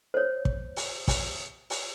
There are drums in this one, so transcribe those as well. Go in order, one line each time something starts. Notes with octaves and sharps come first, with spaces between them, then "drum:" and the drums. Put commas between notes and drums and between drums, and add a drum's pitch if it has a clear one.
C5 C#5
drum: kick
drum: open hi-hat
drum: kick, open hi-hat
drum: open hi-hat